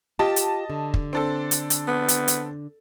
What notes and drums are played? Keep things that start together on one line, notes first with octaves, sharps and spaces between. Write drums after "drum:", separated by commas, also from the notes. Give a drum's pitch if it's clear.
F4 G4 D#5 A5
drum: hi-hat
D3
drum: kick
C4 D4 A4
drum: hi-hat
drum: hi-hat
B3
drum: hi-hat
drum: hi-hat